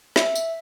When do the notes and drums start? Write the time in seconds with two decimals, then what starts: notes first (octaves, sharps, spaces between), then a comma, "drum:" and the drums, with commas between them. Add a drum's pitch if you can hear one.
0.16 E5, drum: snare
0.35 drum: tambourine